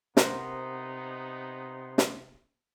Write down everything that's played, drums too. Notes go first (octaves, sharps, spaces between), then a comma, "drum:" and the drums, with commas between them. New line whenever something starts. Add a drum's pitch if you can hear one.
C3 B3 D#4 A#4 C5 F#5 C6, drum: snare
drum: snare